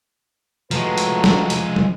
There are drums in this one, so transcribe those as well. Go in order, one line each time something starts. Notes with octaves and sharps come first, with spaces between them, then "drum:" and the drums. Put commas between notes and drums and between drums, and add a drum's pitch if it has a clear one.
A2 F3 G#3 F#4 B4 A#5, drum: hi-hat
drum: hi-hat
drum: snare
drum: hi-hat
drum: tom